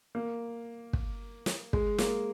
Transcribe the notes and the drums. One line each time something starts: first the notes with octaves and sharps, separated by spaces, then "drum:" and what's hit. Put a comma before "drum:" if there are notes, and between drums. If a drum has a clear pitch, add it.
A#3
drum: kick
drum: snare
G#3, drum: kick
A#3, drum: snare